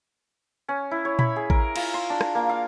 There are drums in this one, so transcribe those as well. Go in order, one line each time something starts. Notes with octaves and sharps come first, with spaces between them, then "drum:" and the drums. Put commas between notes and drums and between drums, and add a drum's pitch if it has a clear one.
C#4
E4
C#5
B5, drum: tom A#2
G#4
A#4, drum: kick A1
F4, drum: cymbal
C6
D4
drum: rim click
A#3
F5